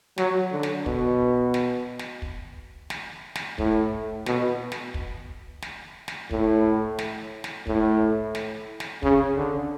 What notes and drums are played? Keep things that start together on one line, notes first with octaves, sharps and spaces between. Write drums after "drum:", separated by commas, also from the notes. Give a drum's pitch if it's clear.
F#3, drum: snare
D3
drum: snare
B2, drum: kick
drum: snare
drum: snare
drum: kick
drum: snare
drum: snare
A2, drum: kick
B2, drum: snare
drum: snare
drum: kick
drum: snare
drum: snare
A2, drum: kick
drum: snare
drum: snare
A2, drum: kick
drum: snare
drum: snare
C#3, drum: kick
D3